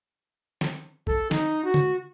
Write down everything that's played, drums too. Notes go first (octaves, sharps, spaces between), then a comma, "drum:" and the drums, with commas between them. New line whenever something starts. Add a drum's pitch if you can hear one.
drum: snare
A4, drum: kick A1
D#4, drum: snare
F#4
drum: tom C#3